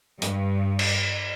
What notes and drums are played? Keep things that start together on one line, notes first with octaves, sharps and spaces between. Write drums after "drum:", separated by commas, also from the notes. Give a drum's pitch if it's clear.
G2, drum: hi-hat
drum: cymbal